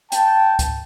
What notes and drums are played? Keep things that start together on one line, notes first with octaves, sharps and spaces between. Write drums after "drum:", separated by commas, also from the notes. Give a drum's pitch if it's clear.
G5 A5, drum: hi-hat
drum: kick C#2, hi-hat